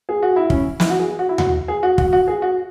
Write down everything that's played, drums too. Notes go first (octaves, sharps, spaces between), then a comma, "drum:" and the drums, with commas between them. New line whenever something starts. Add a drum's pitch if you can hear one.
G#4
F#4
E4
C#4, drum: kick
E4, drum: snare
F#4
G#4
F#4
E4
F#4, drum: tom D#2
G#4
F#4
F#4, drum: kick
F#4
G#4
F#4